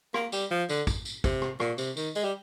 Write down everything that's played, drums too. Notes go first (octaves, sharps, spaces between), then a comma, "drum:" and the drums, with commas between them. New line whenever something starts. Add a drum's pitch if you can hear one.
A#3, drum: rim click
G3, drum: tambourine
F3
D3, drum: tambourine
drum: kick A1, tambourine
drum: tambourine
C3, drum: kick A1, tambourine
drum: rim click
A#2, drum: rim click
C3, drum: tambourine
D#3, drum: tambourine
G#3, drum: tambourine
G3